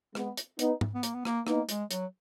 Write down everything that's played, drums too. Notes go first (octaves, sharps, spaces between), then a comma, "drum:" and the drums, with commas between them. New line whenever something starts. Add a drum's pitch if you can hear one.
G#3 B3, drum: rim click
drum: hi-hat
B3 D#4, drum: hi-hat
drum: tom
B3
A#3, drum: hi-hat
B3
A#3, drum: rim click
A#3 B3 D#4, drum: rim click
G#3, drum: hi-hat
F#3, drum: hi-hat